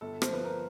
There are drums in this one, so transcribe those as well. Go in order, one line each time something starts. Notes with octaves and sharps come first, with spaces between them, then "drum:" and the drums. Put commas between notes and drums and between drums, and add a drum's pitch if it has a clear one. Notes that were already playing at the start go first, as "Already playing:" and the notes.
G1 A4
C5, drum: rim click
F3 B4
A#4